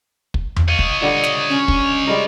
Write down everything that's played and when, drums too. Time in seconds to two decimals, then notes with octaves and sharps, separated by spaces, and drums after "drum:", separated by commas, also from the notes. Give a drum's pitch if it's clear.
0.34 drum: kick
0.56 drum: tom E2
0.68 C#5 D#5 F5
0.79 drum: kick
1.01 A#2 D3 G3
1.23 drum: snare
1.50 C#4
1.68 drum: kick
2.07 G3 G#3 A#4